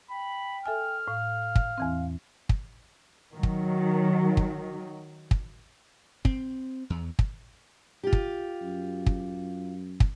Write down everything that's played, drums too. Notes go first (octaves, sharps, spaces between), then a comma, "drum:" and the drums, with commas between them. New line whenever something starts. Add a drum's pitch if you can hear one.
G5 B5
A4 E5 G#5 F6
A2 F5
drum: kick
E2 E3 C4
drum: kick
D#3 F#3
drum: kick
drum: kick
drum: kick
C4, drum: kick
E2
drum: kick
F4 G4
drum: kick
F#2
drum: kick
drum: kick